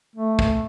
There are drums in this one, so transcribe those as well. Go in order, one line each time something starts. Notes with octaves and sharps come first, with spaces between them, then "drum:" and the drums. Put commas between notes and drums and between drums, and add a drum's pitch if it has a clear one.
A3
drum: kick